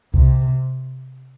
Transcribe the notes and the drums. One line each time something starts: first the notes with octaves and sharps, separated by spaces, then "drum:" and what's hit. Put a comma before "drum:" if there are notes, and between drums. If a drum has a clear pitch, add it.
C3, drum: kick C2